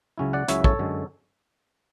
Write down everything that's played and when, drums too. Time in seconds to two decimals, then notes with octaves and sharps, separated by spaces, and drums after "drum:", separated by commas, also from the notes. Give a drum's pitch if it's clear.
0.18 C#2 C#3 F#3 C#4 E4
0.33 D5 F#5
0.48 C#2 C#3 F#3 C#4 E4 C#5 E5, drum: hi-hat
0.64 A4 C#5, drum: kick
0.79 F#2 D3 G#3